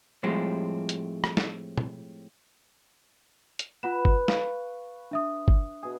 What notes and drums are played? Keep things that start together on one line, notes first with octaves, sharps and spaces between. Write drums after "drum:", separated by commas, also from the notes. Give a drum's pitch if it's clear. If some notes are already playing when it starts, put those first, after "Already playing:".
A2 F3 G3 G#3 C4
drum: hi-hat
drum: rim click
drum: snare
drum: tom
drum: hi-hat
F4 B4 F#5 E7
drum: kick
F5 C#6, drum: snare
D4 E5 D#6
drum: kick
B2 G#4